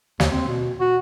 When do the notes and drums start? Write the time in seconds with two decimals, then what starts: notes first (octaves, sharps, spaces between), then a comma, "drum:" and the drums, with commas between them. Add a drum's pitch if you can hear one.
0.20 D#2, drum: snare
0.31 C4
0.48 B2
0.80 F#4